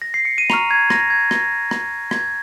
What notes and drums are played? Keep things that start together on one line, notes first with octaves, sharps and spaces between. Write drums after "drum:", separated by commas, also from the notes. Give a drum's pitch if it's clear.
A#6
C7
C#7
D#7
A#5 C#6 F6 F7, drum: rim click
G#6
A#6, drum: rim click
G#6
A#6, drum: rim click
drum: rim click
G#6, drum: rim click